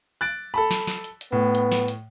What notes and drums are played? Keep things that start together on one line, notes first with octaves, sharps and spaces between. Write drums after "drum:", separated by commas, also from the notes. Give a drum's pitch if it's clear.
F#6 A6 D7
A4 A5 B5
drum: snare
drum: snare
drum: hi-hat
drum: hi-hat
A2 B3
drum: hi-hat
drum: snare
drum: hi-hat